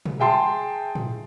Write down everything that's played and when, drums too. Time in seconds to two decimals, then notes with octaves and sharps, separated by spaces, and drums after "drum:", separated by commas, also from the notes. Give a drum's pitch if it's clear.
0.06 drum: tom
0.20 G#4 E5 G5 A5 C6
0.95 drum: tom